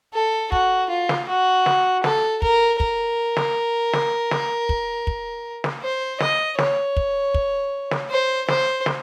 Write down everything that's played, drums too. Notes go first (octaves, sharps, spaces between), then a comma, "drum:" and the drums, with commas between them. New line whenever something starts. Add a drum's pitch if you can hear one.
A4
F#4, drum: kick
F4
drum: snare
F#4
drum: snare
A4, drum: snare
A#4, drum: kick
A#4, drum: kick
drum: snare
drum: snare
drum: snare
drum: kick
drum: kick
drum: snare
C5
D#5, drum: snare
C#5, drum: snare
drum: kick
drum: kick
drum: snare
C5
C5, drum: snare
drum: snare